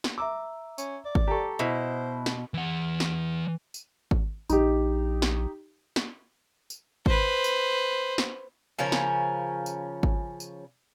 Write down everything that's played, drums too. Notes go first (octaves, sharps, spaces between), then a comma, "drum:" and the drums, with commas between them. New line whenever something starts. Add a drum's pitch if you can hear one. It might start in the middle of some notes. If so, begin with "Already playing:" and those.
drum: snare
E5 A#5 D6 E6
C#4, drum: tambourine
D5
drum: kick G#1
G4 A4 A#5 C#6
B2 E4 C5 B5
drum: snare
E3 F#5
drum: snare
drum: tambourine
drum: kick G#1
A#1 D#4 G4, drum: tambourine
drum: snare
drum: snare
drum: tambourine
B4 C5, drum: kick G#1
drum: tambourine
drum: snare
C#3 F3 C#4 A#4
drum: snare
drum: tambourine
drum: kick G#1
drum: tambourine